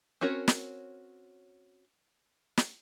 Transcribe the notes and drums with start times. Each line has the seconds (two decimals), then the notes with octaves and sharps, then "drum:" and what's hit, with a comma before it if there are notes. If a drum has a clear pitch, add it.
0.21 C4 C#4 F#4 A#4 C#5
0.48 drum: snare
2.57 drum: snare